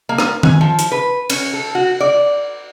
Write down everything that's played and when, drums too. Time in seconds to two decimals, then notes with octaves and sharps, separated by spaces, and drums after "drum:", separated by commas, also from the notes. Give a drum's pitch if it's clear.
0.09 A#3
0.18 drum: rim click
0.43 G#5, drum: tom D#3
0.61 F3
0.79 drum: hi-hat
0.92 B4
1.30 C#4, drum: cymbal
1.53 A4
1.75 F#4
2.00 D5